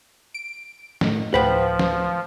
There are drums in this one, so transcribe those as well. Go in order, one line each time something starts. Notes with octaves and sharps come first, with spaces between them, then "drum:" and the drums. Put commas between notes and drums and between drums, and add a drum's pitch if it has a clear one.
D7
A2 D#3, drum: snare
D2 A2 F3 B4 C5 F#5 G5
drum: snare